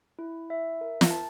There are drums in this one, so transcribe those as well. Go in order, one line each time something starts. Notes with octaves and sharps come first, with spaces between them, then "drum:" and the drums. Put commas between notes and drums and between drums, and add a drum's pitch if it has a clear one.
E4
E5
A#4
drum: snare
A5